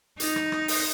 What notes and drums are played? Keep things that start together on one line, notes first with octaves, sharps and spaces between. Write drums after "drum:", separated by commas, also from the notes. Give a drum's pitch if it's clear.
D#4, drum: hi-hat
drum: rim click
drum: rim click
drum: open hi-hat